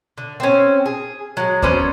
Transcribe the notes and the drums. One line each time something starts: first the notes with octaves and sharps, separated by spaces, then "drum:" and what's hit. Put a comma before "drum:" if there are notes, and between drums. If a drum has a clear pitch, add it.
D3
C4 C#4
G#4
F#3 G#3
B3 C#4 C5 D5, drum: kick D#2